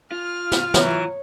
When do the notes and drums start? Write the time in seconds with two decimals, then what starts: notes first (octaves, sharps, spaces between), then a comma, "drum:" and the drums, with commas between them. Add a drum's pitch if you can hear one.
0.12 F4 F6
0.52 drum: snare
0.74 E3 F#3 C#5, drum: snare